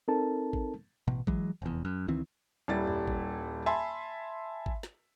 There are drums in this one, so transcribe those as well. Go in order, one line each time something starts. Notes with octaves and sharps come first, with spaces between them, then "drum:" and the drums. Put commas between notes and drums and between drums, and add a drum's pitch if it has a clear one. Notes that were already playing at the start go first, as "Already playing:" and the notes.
C4 D#4 A4 A#4 A5
drum: kick
A1 B2
E3 F#3 G#3, drum: kick
F1 E2
F#2
C#2 D#3 E3 C4
D#1 G3 E4 A6
drum: tom F2
drum: kick
E5 G#5 A5 B5 C6
drum: kick
drum: snare